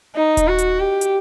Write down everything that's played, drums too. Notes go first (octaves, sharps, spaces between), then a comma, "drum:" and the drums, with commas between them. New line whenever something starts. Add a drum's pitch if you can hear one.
D#4
drum: kick D#1, hi-hat
F#4
drum: hi-hat
G4
drum: hi-hat